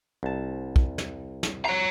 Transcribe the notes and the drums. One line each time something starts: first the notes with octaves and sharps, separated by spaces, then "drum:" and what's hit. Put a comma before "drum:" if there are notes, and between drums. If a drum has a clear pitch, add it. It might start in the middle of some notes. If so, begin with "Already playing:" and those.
C2 A5
drum: kick
drum: snare
drum: snare
C#5 A#5